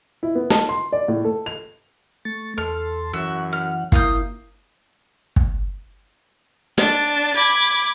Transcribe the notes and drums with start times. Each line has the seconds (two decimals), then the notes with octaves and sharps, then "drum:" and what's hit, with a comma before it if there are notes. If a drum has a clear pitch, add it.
0.23 E4
0.35 B3
0.50 A5, drum: snare
0.69 C6
0.92 D5
1.08 A2
1.25 A4
1.46 F7
2.25 A3 C#6 A6
2.58 E2 A4 A5 C6 F6
3.13 F#2 E3 F#4 E5 F#5
3.53 F6
3.92 A#3 E4 F5 D#6 G6, drum: kick
5.36 drum: kick
6.78 D4 A6, drum: snare
7.35 B5 D6 G#6